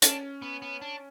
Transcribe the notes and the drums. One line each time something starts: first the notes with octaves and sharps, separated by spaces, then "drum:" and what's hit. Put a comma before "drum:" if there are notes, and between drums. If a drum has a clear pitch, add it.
C#4 D4, drum: hi-hat
B3
B3
D4